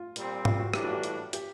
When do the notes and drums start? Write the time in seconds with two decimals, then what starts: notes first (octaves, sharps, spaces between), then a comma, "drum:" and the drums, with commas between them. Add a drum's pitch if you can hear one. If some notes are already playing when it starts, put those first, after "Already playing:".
Already playing: F4
0.16 A#2 G3 C4, drum: hi-hat
0.45 F4, drum: tom G#2
0.60 F#4
0.74 A2 E3 G3 A#3 D4 G4, drum: rim click
0.84 F#4
0.93 G4
1.03 drum: hi-hat
1.33 G4, drum: hi-hat